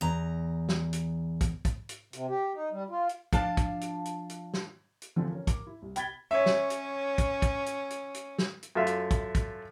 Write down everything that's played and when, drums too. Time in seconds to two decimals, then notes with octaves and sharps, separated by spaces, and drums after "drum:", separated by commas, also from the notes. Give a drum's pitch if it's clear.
0.01 E2 A#5
0.69 drum: snare
0.93 drum: hi-hat
1.41 drum: kick, hi-hat
1.65 drum: kick, hi-hat
1.89 drum: hi-hat
2.13 C3, drum: hi-hat
2.29 G4
2.55 D#4
2.72 G3
2.90 F4
3.09 drum: hi-hat
3.33 F3 D4 F5 A5, drum: kick, hi-hat
3.57 drum: kick, hi-hat
3.81 drum: hi-hat
4.05 drum: hi-hat
4.30 drum: hi-hat
4.54 drum: snare
5.02 drum: hi-hat
5.16 D3 E3 F3 A3 B3 C4
5.30 C#4 A#4
5.47 A#4 D6, drum: kick, hi-hat
5.67 E4
5.82 C2
5.96 G5 B5 G#6 A6 B6 G7, drum: hi-hat
6.31 C#4 C#5 E5
6.46 drum: snare
6.70 drum: hi-hat
7.18 drum: kick, hi-hat
7.42 drum: kick, hi-hat
7.66 drum: hi-hat
7.90 drum: hi-hat
8.14 drum: hi-hat
8.39 drum: snare
8.63 drum: hi-hat
8.75 F#2 A3 F4 E5
8.87 drum: hi-hat
9.11 drum: kick, hi-hat
9.35 drum: kick, hi-hat